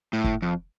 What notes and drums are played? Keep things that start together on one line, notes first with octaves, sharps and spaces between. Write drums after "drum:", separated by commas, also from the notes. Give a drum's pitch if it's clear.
A2
drum: kick
F2